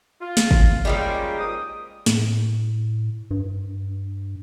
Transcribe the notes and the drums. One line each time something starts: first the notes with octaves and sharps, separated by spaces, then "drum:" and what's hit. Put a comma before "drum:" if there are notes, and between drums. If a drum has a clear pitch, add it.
F4
drum: snare
drum: kick
G3 G#3 A#3 C#4 F4 G5
G#2 D#6
A2, drum: snare
G2